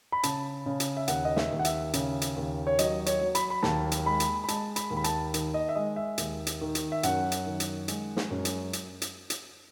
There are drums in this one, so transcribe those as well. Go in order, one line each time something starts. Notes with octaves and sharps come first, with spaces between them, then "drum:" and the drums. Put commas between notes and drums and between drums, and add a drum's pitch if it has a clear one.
B5
C#3 A5, drum: hi-hat
C#3
drum: hi-hat
E5
D#2 F#5, drum: hi-hat
D#5
E5, drum: snare
D#2
F#5
E5, drum: hi-hat
C#3, drum: hi-hat
drum: hi-hat
D#2
C#5
F#3 D#5, drum: hi-hat
C#5, drum: hi-hat
F#3
B5, drum: hi-hat
B5
D#2 A5, drum: snare
drum: hi-hat
G#3 B5
drum: hi-hat
B5
G#3 A5, drum: hi-hat
B5, drum: hi-hat
D#2
B5
A5, drum: hi-hat
D#3, drum: hi-hat
D#5
E5
G#3 D#5
E5
D#2, drum: hi-hat
drum: hi-hat
D#3
drum: hi-hat
E5
F#2 F#5, drum: hi-hat
drum: hi-hat
D#3
drum: hi-hat
G#3, drum: hi-hat
drum: snare
F#2
drum: hi-hat
drum: hi-hat
drum: hi-hat
drum: hi-hat